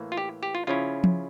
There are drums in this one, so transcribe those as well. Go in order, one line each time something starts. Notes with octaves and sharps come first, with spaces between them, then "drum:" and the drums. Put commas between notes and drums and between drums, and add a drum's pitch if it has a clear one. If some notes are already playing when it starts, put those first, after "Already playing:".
Already playing: A2 E3 A#3
F4
G4
G4
F4
C#3 F3 C#4 E4 F4
drum: tom F3